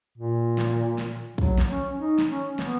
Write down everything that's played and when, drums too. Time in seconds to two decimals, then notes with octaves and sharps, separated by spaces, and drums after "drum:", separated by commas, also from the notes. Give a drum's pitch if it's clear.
0.18 A#2
0.58 drum: snare
0.98 drum: snare
1.38 F#3, drum: kick
1.58 drum: snare
1.68 C#4
1.98 D#4
2.18 drum: snare
2.28 C#4
2.59 B3, drum: snare